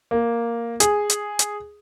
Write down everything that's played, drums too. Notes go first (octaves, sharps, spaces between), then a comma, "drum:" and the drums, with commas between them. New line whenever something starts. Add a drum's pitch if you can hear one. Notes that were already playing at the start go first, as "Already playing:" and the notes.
A#3
G#4, drum: hi-hat
drum: hi-hat
drum: hi-hat